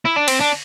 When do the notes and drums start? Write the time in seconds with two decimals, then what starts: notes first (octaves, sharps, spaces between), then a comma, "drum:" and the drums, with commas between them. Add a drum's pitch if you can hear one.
0.06 E4
0.16 D4
0.28 C4, drum: cymbal
0.40 D4